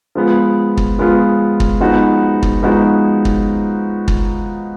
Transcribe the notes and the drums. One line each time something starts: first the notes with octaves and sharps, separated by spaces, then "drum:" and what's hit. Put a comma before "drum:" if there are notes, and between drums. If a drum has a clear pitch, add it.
F3 G#3 B3 F4
drum: kick
F3 G#3 B3 F4
drum: kick
F3 G#3 B3 D#4 F#4
drum: kick
F3 G#3 B3 D#4 F#4
drum: kick
drum: kick